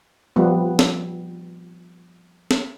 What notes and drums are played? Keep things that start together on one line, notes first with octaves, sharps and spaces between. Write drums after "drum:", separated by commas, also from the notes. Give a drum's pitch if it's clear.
F3 G3 B3
drum: snare
drum: snare